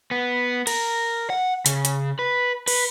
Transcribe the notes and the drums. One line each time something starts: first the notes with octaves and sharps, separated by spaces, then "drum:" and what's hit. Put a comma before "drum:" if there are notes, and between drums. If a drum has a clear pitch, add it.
B3
A#4, drum: cymbal
F#5
C#3, drum: hi-hat
drum: hi-hat
B4
B4, drum: cymbal